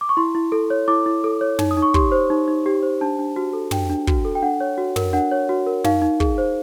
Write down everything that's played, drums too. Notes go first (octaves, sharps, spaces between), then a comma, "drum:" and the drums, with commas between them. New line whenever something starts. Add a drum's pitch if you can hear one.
D6
C#6
E4 C6
E4
A4
C#5
E4 D6
E4
A4
C#5
D#4, drum: tom
D#6
D#4
C#6
G4 C6, drum: kick
C5
D#4
D#4
G4
C5
D4 A5
D4
F#4
A4
D4 G5, drum: tom
D4
F#4, drum: kick
A4
G5
D4 F#5
C#5
F#4
A#4, drum: tom
D4 F#5
C#5
F#4
A#4
D#4 F5, drum: tom
D#4
G#4, drum: kick
C5